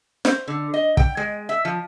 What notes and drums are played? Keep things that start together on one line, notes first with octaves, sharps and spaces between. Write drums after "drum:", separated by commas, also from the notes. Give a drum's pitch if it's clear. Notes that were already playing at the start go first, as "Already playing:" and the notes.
C5, drum: snare
D3
D#5
G5, drum: kick
G#3
E5
F3